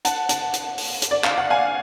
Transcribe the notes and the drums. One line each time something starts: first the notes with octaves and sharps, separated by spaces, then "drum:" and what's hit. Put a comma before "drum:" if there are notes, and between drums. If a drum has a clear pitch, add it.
F#5 A5, drum: hi-hat
F#5 A5, drum: hi-hat
drum: hi-hat
drum: open hi-hat
drum: hi-hat
D5
F5, drum: clap
F#5
F5 G#5